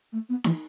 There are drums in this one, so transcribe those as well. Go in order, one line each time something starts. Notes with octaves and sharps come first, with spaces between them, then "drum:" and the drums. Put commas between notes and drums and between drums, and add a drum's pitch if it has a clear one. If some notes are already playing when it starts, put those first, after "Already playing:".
A3
B3
E3, drum: snare D#4